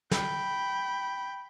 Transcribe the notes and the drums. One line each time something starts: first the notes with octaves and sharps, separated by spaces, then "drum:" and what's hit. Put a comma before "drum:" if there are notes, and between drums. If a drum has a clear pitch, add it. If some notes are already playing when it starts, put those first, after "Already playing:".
G5 B5, drum: snare